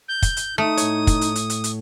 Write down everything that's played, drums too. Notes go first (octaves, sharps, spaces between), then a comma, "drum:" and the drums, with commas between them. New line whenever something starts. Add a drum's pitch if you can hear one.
G6
drum: kick, hi-hat
drum: hi-hat
A3 D#4 D#6
A2 C#5, drum: hi-hat
drum: kick, hi-hat
drum: hi-hat
drum: hi-hat
drum: hi-hat
drum: hi-hat